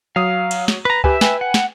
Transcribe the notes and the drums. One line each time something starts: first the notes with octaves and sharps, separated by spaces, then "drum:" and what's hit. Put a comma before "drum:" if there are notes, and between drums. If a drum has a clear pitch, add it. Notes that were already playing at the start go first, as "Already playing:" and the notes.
F#3 F5 D#6
drum: cymbal
drum: snare
B4 A#5
G4 B4 E5 G#5, drum: kick
B4 G5 G#5, drum: snare
F#5
drum: snare